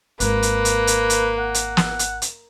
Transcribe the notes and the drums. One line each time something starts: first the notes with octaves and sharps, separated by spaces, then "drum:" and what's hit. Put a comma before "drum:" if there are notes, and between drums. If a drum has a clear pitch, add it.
G#1 A#3 B4, drum: hi-hat
drum: hi-hat
drum: hi-hat
drum: hi-hat
drum: hi-hat
F#5
drum: hi-hat
drum: snare
drum: hi-hat
drum: hi-hat